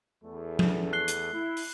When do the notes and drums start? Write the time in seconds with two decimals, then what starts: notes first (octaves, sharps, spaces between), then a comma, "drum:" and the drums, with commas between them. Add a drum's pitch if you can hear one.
0.24 E2 A3
0.59 drum: tom F3
0.93 F#6 C7 G7
1.08 drum: hi-hat
1.32 E4
1.57 drum: open hi-hat